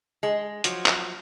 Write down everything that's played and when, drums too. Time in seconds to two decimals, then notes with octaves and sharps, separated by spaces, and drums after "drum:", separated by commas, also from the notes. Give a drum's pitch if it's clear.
0.23 G#3
0.64 F3 F#3, drum: hi-hat
0.86 drum: clap